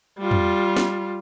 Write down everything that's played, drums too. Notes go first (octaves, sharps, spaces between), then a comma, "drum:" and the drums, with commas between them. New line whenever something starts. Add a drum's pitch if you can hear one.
G3 F4
drum: tom
drum: snare